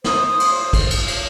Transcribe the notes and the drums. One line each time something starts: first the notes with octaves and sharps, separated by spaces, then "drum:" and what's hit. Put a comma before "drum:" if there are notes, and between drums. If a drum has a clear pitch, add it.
C5 D#6, drum: snare
C5 D#6
C6, drum: cymbal
C5
drum: kick, cymbal
drum: cymbal
drum: cymbal